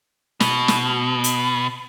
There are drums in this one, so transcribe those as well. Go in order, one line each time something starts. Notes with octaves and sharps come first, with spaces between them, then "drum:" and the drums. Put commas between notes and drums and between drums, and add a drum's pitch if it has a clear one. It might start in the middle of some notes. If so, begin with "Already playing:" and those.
B2, drum: snare
drum: snare
drum: hi-hat